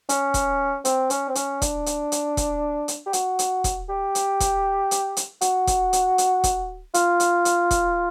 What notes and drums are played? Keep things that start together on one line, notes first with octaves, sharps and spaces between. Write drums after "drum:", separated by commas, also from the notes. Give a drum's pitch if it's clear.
C#4, drum: hi-hat
drum: kick E1, hi-hat
C4, drum: hi-hat
C#4, drum: hi-hat
C4
C#4, drum: hi-hat
D4, drum: kick E1, hi-hat
drum: hi-hat
drum: hi-hat
drum: kick E1, hi-hat
drum: hi-hat
G4
F#4, drum: hi-hat
drum: hi-hat
drum: kick E1, hi-hat
G4
drum: hi-hat
drum: kick E1, hi-hat
drum: hi-hat
drum: hi-hat
F#4, drum: hi-hat
drum: kick E1, hi-hat
drum: hi-hat
drum: hi-hat
drum: kick E1, hi-hat
F4, drum: hi-hat
drum: hi-hat
drum: hi-hat
drum: kick E1, hi-hat